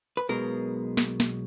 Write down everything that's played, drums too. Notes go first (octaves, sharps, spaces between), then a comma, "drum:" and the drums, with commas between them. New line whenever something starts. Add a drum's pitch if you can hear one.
B4
B1 B2 G#3 A#4
drum: snare
drum: snare